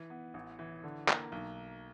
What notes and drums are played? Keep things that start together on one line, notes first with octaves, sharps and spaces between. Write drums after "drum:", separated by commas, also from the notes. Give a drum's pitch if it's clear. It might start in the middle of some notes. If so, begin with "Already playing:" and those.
Already playing: E3
B3
A1
E3
D3
A#3, drum: clap
B1